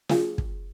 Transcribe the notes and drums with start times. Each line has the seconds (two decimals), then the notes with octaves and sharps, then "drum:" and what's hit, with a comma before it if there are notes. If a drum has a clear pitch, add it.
0.09 F#3 A#3 F4 G#4, drum: snare
0.38 drum: kick